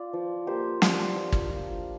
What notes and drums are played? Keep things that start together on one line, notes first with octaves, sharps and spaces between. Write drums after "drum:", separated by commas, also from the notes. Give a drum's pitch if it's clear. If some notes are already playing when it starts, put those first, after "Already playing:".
Already playing: F4 D5
F3
A#3 G4 C5
D4, drum: snare
F3
drum: kick
F4